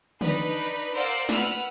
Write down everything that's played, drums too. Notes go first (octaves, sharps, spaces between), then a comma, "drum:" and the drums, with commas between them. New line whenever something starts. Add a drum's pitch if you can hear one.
D4 D#4 B4, drum: tom
A#4 C5 D5 F5 F#5 E6
B4 F#5 E6 F6, drum: snare